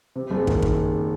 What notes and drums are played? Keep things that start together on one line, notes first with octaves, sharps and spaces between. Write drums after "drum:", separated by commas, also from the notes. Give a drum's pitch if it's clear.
C3
F#1
D#3, drum: kick
drum: kick